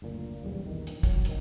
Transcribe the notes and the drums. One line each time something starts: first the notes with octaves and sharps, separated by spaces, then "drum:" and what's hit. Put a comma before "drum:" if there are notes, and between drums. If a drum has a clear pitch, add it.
F#1 D2 A#2
D#1 B1 E2 G3
A#1 E2 G2 D#3
drum: hi-hat
F#3, drum: kick, hi-hat
F1 B1 D#3, drum: hi-hat